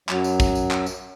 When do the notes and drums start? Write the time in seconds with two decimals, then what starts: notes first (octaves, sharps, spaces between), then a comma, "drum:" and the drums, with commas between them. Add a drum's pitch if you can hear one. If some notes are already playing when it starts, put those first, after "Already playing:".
0.09 F#2 F#3, drum: clap
0.24 drum: tambourine
0.40 drum: kick, tambourine
0.55 drum: tambourine
0.71 drum: clap
0.86 drum: tambourine